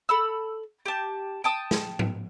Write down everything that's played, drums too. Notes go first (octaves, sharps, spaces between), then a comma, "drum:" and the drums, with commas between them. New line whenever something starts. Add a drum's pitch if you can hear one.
A4 B5 E6
G4 A5
G5 A5 D#6
drum: snare
drum: tom G#2